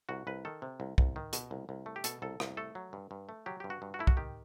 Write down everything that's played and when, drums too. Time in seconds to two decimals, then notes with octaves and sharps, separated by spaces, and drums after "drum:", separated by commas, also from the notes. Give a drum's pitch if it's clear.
0.09 C2 F#4
0.27 C2 B4
0.45 D#3 A4
0.62 C3
0.80 C2
0.98 C2, drum: kick
1.16 D#3
1.33 B2, drum: hi-hat
1.51 C2
1.69 C2
1.86 A3
1.96 G4
2.04 B2 A4, drum: hi-hat
2.22 C2 A4
2.40 C2, drum: rim click
2.57 A3 A4
2.75 F#3
2.93 G2
3.11 G2
3.29 A3
3.46 F#3 G4
3.60 G2 G4
3.70 F#4
3.82 G2
3.94 F#4
3.99 A3 E4
4.07 F#4, drum: kick
4.17 D#3 G4